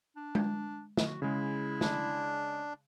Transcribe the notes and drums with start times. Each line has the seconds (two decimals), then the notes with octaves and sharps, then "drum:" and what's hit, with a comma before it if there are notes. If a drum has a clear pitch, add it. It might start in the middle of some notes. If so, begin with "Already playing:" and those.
0.17 D4
0.35 drum: tom G#3
0.97 drum: snare
1.07 F#4
1.22 C#3 G#3 E4
1.81 D4, drum: snare